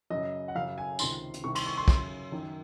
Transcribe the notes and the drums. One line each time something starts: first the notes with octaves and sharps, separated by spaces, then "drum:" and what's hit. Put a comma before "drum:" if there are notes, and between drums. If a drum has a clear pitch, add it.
F#2 C#3 D#5
F#5
F#2 C#3 F5
G#5
C#2 C3 D#3 C6, drum: tambourine
drum: hi-hat
C2 C3 D#3 C#6
C6, drum: cymbal
C#6
C6
F#2 C#3 C6, drum: kick
F#2 D#3